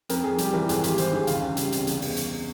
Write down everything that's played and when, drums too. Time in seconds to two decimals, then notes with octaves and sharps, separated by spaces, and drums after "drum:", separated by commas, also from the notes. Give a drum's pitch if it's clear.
0.09 F2 A#4, drum: hi-hat
0.24 F2 G#4
0.38 G3 G4, drum: hi-hat
0.53 E3 A#4
0.69 G#1 G#4, drum: hi-hat
0.84 G#3 G4, drum: hi-hat
0.98 E3 C5, drum: hi-hat
1.12 G2 G#4
1.27 C#2 F5, drum: hi-hat
1.42 C#2
1.57 G3, drum: hi-hat
1.72 C3, drum: hi-hat
1.87 E2, drum: hi-hat
2.02 drum: open hi-hat
2.17 drum: hi-hat